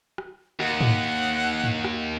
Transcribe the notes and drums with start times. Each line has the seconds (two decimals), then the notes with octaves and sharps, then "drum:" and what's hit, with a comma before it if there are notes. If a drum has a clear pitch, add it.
0.18 drum: rim click
0.60 D#2 F#5, drum: rim click
0.81 drum: tom
1.64 drum: tom
1.84 drum: rim click